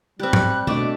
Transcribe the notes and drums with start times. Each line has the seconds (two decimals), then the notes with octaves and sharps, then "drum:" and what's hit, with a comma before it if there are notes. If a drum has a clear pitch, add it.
0.19 G3 C4 G4 F#6
0.33 drum: tom
0.67 B2 A3 D4 A4 D6